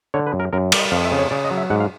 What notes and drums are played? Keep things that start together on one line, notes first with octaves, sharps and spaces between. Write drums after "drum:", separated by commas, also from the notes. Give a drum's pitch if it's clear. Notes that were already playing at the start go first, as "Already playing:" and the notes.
D3 C#5
B4
F#2
A#4
F#2 A#4
G3 D5, drum: cymbal
D#5
F2 F5
E5
C#3
C#5
C#3 D5
D#5
F#3
E5
G#2 F#5
F5